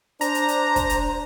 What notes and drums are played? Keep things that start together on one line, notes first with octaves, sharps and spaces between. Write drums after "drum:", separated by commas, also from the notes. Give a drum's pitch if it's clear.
D4 C5 A#5, drum: hi-hat
drum: hi-hat
drum: hi-hat
drum: kick, hi-hat
drum: hi-hat